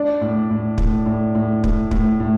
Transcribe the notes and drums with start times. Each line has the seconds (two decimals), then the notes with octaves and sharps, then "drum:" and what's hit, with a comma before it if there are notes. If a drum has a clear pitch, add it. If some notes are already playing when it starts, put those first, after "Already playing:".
Already playing: D4
0.21 A2
0.50 A2
0.78 A2, drum: kick
1.06 A2
1.35 A2
1.64 A2, drum: kick
1.91 A2, drum: kick
2.20 A2